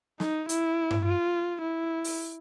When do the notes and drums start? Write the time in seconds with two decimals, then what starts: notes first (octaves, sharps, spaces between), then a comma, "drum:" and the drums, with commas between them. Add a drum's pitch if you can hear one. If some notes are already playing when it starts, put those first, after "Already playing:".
0.20 D#4, drum: snare
0.49 E4, drum: hi-hat
0.91 drum: tom G2
1.05 F4
1.62 E4
2.04 drum: open hi-hat